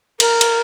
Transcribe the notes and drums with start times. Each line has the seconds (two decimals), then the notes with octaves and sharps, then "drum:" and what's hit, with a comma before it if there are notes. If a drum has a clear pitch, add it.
0.20 A#4, drum: cymbal
0.41 drum: cymbal